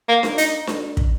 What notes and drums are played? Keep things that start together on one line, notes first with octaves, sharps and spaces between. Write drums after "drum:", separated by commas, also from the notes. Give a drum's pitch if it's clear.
A#3
drum: snare D4
D#4, drum: hi-hat
drum: snare D4
drum: kick